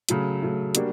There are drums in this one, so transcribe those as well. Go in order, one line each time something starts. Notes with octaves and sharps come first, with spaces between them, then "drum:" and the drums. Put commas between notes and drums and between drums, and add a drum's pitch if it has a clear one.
C#3 F#3 A3, drum: hi-hat
C#3 F#3 A3
G3 A#3 D4 F#4, drum: hi-hat